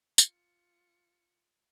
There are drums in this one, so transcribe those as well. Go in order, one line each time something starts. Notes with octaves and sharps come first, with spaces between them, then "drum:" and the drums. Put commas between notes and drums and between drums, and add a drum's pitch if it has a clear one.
F4 C#7, drum: tambourine